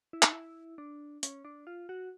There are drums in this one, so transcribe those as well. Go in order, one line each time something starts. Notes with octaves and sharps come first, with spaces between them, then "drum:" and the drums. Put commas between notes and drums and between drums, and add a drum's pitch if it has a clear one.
E4
D#4, drum: clap
E4
D4
C#4, drum: hi-hat
D4
F4
F#4